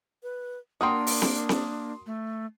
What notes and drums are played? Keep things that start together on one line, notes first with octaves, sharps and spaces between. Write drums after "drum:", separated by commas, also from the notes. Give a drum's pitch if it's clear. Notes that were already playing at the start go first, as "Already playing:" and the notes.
B4
A#3 D4 F#4 A#4 G5 C6 D#6
drum: open hi-hat
drum: snare C4
drum: snare C4
A3